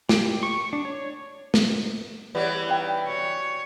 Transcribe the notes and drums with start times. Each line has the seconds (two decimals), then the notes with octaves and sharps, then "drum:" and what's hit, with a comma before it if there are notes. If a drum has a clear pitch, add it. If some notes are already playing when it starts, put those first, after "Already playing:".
0.09 G4, drum: snare
0.43 C#6
0.73 D4
0.85 C#5
1.54 drum: snare
2.35 E3 G3 B3 G#4 C#5 D5
2.68 D#4 F5 G5
3.07 F#4 C#5